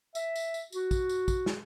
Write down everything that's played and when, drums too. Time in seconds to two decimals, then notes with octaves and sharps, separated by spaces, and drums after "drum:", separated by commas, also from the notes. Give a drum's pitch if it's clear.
0.15 E5, drum: tambourine
0.36 drum: tambourine
0.54 drum: tambourine
0.72 F#4, drum: tambourine
0.91 drum: kick, tambourine
1.09 drum: tambourine
1.28 drum: kick, tambourine
1.46 drum: snare